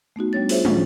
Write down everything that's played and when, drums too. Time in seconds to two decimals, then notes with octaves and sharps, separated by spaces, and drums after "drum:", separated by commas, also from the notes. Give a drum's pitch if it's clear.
0.16 A3 B3 D#4 F#4
0.33 G3 D4 C#5 A6
0.49 F4 G#4 C5 C#5 E5, drum: open hi-hat
0.65 A2 D#3 F#3 C#4 F4, drum: tom